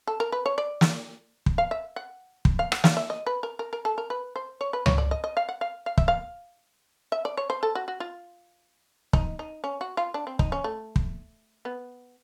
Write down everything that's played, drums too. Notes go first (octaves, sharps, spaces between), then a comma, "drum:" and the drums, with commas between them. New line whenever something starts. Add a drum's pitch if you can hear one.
A4
A#4
B4
C#5
D5
drum: snare
drum: kick
F5
E5
F#5
drum: kick
F5
F#5, drum: rim click
F5, drum: snare
E5
D#5
B4
A#4
A#4
A#4
A4
A#4
B4
C5
C#5
B4
C#5, drum: tom C#2
D5
D#5
D#5
F5
F#5
F5
F5
E5, drum: kick
F5
E5
D5
C#5
C5
A4
F#4
F#4
F4
D#4, drum: kick
D#4
C#4
F#4
F4
D4
C4
D#4, drum: kick
C#4
A3
drum: kick
B3